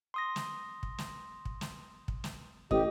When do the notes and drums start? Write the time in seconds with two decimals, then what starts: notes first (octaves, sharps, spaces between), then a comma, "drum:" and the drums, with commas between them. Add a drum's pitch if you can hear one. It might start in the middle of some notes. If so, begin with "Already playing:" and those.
0.14 C6 D#6 A#6
0.36 drum: snare
0.83 drum: kick
0.98 drum: snare
1.45 drum: kick
1.61 drum: snare
2.08 drum: kick
2.24 drum: snare
2.71 A1 G4 D#5 D#6, drum: kick